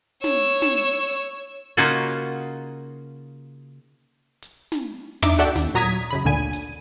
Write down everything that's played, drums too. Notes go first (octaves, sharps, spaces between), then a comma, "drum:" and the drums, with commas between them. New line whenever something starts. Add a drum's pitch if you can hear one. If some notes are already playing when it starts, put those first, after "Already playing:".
C#5 E6, drum: snare
drum: snare
C#3 A#3 C#4 D#4 F4 F#4
drum: hi-hat
drum: snare
D4 D#4 E5 D6, drum: tom
F#4 A4 D5 E5 F#5 G5
D#2, drum: snare
A#2 F#3 A#5 D#6 G#6 B6
F#2 C#3 B5
G#1 D2 A#2 D3 G#5 D#7
drum: hi-hat